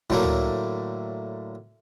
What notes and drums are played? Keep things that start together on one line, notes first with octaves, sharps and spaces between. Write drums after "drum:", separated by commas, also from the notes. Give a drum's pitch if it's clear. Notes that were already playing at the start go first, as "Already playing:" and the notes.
A2 D3 F#3 A3 A#3, drum: kick E1
drum: tom